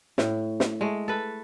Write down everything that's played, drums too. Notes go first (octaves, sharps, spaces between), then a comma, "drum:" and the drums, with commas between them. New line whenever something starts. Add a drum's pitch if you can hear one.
A2, drum: snare
drum: snare
G#3 A3
A4 B4